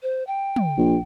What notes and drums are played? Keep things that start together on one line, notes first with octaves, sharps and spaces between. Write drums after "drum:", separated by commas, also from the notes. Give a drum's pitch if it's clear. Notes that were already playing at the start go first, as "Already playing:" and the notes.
C5
G5
drum: tom
A#1